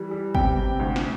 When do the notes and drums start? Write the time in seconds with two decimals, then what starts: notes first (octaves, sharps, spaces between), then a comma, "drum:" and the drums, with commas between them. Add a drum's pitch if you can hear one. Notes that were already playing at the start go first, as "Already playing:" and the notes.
Already playing: E3 G3
0.11 G3
0.35 C3 G5, drum: kick
0.57 C3
0.79 D2
0.96 drum: snare